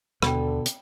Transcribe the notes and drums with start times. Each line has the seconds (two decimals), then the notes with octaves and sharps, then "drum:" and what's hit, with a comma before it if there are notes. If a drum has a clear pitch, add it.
0.22 D#2 B2 D3 A4 G5 B5, drum: rim click
0.66 drum: hi-hat